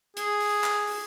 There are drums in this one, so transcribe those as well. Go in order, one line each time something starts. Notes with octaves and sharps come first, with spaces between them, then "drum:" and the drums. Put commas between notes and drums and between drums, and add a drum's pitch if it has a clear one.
G#4, drum: hi-hat
drum: open hi-hat
drum: clap
drum: open hi-hat